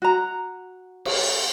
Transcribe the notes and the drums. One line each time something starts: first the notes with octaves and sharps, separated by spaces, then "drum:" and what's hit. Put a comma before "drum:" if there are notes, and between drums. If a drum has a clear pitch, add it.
F#4 A#5
drum: cymbal